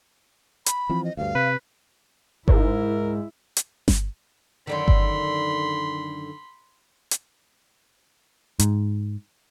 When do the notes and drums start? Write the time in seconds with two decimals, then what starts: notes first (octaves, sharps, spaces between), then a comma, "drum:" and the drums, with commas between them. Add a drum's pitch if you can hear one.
0.66 B5, drum: hi-hat
0.89 E3 F3 C4
1.04 D#5
1.17 D2 G2 F5
1.35 C3 B4
2.48 G#2 E4 A#4, drum: kick G1
3.57 drum: hi-hat
3.88 drum: snare G1
4.67 F#2 D3 D#3 B5 C6
4.88 drum: kick G1
7.11 drum: hi-hat
8.59 G#2, drum: hi-hat